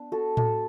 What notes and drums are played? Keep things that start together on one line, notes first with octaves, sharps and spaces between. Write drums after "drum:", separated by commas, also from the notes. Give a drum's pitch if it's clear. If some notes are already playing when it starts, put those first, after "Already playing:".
Already playing: B3 D4
F#4 A4
F#4 A4, drum: tom A2